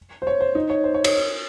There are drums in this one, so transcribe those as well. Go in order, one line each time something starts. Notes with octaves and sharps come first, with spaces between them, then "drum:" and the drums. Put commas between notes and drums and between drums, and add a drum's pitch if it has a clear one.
C5
C#5
C5
D#4
C#5
C5
C#5
C#5, drum: cymbal